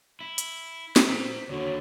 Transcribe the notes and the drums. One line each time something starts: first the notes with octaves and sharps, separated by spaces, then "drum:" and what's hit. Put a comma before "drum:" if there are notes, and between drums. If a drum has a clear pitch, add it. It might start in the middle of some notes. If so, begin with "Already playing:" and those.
E4
drum: hi-hat
drum: snare
C5 A#5
D#2 D3 F#4 C#5